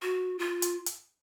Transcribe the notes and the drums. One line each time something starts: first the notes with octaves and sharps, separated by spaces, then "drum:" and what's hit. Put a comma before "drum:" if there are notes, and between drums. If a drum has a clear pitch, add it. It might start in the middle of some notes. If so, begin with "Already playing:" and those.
F#4
F4
drum: hi-hat
drum: hi-hat